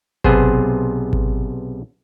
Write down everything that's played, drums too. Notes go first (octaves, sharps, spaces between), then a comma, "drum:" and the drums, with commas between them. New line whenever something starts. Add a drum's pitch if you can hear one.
B1 C3 B3 G#4 C5, drum: kick G#1
drum: kick G#1